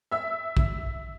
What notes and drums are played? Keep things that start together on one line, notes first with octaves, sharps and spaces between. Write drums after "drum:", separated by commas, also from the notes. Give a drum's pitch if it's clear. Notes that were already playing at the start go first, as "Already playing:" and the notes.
E5 E6
drum: kick